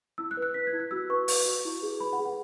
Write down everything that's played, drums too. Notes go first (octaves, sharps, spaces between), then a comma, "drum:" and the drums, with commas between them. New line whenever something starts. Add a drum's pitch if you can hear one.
E4 E6
F#6
B4
F#6
B4 B6
G#6
E4
F#6
F#4 E6
B4 C#6
B4, drum: open hi-hat
F#4
E4
G#4
B4 B5
F#5
G#4
F#5